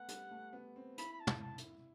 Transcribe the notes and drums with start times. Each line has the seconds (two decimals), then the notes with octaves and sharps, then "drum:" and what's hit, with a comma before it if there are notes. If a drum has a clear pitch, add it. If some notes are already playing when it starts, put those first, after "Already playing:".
Already playing: A3 B3 F#5
0.08 G3, drum: hi-hat
0.31 A3
0.53 B3
0.76 C4
0.98 E4 B5, drum: hi-hat
1.13 B5
1.20 A5
1.27 E4, drum: tom
1.42 A5
1.58 E4, drum: hi-hat